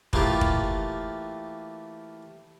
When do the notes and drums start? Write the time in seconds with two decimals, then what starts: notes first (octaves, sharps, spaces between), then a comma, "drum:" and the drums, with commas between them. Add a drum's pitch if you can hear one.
0.13 E3 A3 A#3 F4 G4, drum: kick
0.41 drum: kick